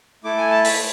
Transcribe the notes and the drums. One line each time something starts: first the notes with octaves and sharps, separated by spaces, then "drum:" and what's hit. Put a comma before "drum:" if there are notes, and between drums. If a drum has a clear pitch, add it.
A3 E4 A4 D6
G#5
A5
B5, drum: open hi-hat